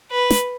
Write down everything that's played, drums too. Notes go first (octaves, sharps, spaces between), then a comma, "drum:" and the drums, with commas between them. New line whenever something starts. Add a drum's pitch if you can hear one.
B4
drum: snare